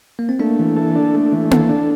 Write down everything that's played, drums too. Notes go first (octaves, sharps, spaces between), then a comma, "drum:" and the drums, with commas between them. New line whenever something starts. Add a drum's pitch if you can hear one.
A#3
C4
A3 A#3 D4
E3
A4
D4
A3
E3
A4, drum: tom A#3
D4